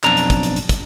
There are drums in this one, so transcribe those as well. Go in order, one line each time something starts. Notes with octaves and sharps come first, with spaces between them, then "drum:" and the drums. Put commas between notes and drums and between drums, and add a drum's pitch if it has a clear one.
B1 F2 D4 A#5, drum: clap
drum: hi-hat
drum: kick, hi-hat
drum: hi-hat
drum: hi-hat
drum: kick, hi-hat